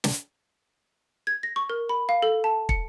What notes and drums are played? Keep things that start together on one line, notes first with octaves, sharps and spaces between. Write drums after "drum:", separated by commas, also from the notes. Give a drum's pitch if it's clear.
drum: snare
G#6
A#6
C#6
A#4
B5
F5
A4
A5
C#7, drum: kick